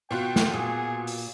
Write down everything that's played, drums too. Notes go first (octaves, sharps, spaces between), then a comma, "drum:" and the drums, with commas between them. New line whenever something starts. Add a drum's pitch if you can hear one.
B2 F4 F#4 G5
drum: snare
A#2 G#4
drum: open hi-hat